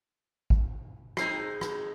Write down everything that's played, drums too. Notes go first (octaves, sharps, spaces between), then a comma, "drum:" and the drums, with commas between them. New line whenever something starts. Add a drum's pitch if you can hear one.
drum: kick
G#3 C4 D#4 C7, drum: rim click
drum: rim click